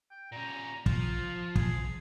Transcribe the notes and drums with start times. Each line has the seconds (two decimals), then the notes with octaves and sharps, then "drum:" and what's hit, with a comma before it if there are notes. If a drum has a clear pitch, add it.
0.11 G5
0.32 A#2 C#4 A#5
0.86 F3 F4, drum: kick
1.56 G#4, drum: kick